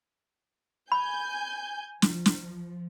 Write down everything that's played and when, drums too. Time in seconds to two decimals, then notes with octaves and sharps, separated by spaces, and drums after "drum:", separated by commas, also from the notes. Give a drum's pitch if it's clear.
0.92 G#5 B5 G6
2.02 F3, drum: snare
2.26 drum: snare